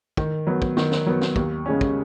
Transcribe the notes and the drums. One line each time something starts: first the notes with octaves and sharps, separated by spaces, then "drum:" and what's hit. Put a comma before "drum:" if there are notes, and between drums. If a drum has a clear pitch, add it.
D#3, drum: kick
F#3 B3
drum: kick
D#3, drum: snare
drum: snare
F#3 B3
drum: snare
D#2, drum: kick
C#3 G#3 C#4
drum: kick